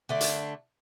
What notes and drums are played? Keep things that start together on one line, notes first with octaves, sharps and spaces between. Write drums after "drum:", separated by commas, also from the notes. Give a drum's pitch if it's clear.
D3 A3 D4
drum: hi-hat